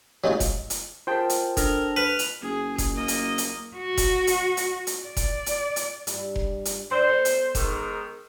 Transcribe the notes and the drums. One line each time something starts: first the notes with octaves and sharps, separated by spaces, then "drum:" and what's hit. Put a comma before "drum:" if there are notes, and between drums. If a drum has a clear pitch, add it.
F#3 G#3 C#4 D#4 F4
drum: kick F1, hi-hat
drum: hi-hat
F4 G#4 A#4 C5 G5 A5
drum: hi-hat
D4 A4 A#4, drum: kick F1, hi-hat
B4 F6
drum: hi-hat
F#1 G#4
drum: kick F1, hi-hat
A#3 D#5
drum: hi-hat
drum: hi-hat
F#4
drum: kick F1, hi-hat
drum: hi-hat
drum: hi-hat
drum: hi-hat
D5
drum: kick F1, hi-hat
drum: hi-hat
drum: hi-hat
G2 G3 E4, drum: hi-hat
drum: kick F1
drum: hi-hat
D4 C5 D5 E5
B3 A4 C#5
drum: hi-hat
G#2 D#3, drum: kick F1, hi-hat